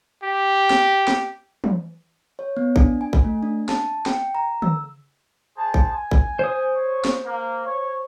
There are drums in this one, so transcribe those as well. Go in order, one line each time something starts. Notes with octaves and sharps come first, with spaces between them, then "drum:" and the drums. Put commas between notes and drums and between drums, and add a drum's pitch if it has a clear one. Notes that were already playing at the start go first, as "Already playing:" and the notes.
G4
drum: snare
drum: snare
drum: tom
C#5
B3
D4, drum: kick A1
G#5
drum: kick A1
A3
D4
A5, drum: snare
G5, drum: snare
A#5
E6, drum: tom
G#4 C5 A5
drum: kick A1
G#5
drum: kick A1
C5 D#6
C#5
drum: snare
A#3
C#5